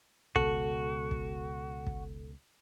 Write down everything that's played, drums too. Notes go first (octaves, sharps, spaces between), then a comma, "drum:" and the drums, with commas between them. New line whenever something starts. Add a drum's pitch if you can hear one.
C#2 B2 F#4 A4, drum: kick
drum: kick
drum: kick